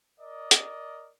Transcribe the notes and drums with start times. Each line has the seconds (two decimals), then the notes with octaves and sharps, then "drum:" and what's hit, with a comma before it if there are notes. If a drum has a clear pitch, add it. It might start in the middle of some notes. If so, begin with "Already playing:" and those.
0.20 A#4 D5 D#5
0.51 drum: hi-hat